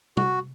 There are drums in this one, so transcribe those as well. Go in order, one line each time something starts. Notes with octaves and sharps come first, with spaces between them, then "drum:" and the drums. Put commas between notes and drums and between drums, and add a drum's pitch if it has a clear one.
F#4, drum: tom